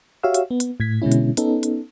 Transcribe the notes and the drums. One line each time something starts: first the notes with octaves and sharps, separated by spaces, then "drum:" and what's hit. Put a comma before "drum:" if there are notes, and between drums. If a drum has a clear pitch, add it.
F#4 G4 C#5 E5 F5 E6
drum: hi-hat
B3
drum: hi-hat
A2 G#6 B6
B2 D3 G#3 C#4 E4
drum: hi-hat
B3 C#4 D#4 A4, drum: hi-hat
drum: hi-hat